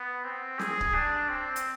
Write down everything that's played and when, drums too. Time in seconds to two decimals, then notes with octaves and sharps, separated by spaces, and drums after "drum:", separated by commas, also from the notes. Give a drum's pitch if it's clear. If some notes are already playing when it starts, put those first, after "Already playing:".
Already playing: B3
0.25 C4
0.59 G#4, drum: snare
0.81 drum: kick C#1
0.95 D4
1.29 C4
1.56 drum: hi-hat